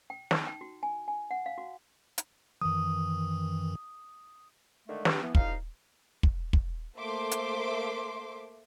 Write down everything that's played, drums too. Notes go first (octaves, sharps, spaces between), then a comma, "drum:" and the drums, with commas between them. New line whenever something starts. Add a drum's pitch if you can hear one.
G5
D#4, drum: snare
G5
F#4
G#5
G#5
F#5
F5
F#4
drum: hi-hat
F#2 D#3 E3 D#6
D3 D#3 G#3 A3
B3 D4 G4, drum: snare
E3 F3 B3
C2 F3 D#4 D#5 F5, drum: kick
drum: kick
drum: kick
A3 A#3 C5 E5 C6 D6
drum: hi-hat